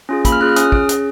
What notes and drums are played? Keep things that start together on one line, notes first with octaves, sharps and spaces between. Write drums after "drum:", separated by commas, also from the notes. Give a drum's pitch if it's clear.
C#4 F4 G#4
A#3 B5, drum: kick, hi-hat
F6
C#4 F4 G#4 F#6
F6
C#4 D#6, drum: hi-hat
G#4, drum: kick
C#4, drum: hi-hat